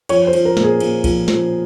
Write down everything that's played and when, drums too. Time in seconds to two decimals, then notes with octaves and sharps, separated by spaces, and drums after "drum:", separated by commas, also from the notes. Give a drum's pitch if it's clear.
0.09 F3 C#5, drum: cymbal
0.27 C5
0.33 F3, drum: cymbal
0.45 A#4
0.57 A#2, drum: snare
0.63 G#4
0.80 A#2, drum: cymbal
1.04 F3, drum: kick B1, cymbal
1.28 F3, drum: snare